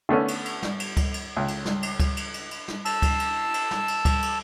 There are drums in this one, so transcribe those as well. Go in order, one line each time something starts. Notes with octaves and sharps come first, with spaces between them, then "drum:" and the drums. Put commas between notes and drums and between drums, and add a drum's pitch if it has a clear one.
D3 A3 B3 C#4
drum: cymbal
drum: cymbal
drum: snare
drum: cymbal
drum: kick C#2, cymbal
drum: cymbal
C#2
drum: cymbal
drum: snare
drum: cymbal
drum: kick C#2, cymbal
drum: cymbal
drum: cymbal
drum: cymbal
drum: snare
A5 E6, drum: cymbal
drum: kick C#2, cymbal
drum: cymbal
drum: cymbal
drum: snare
drum: cymbal
drum: kick C#2, cymbal
drum: cymbal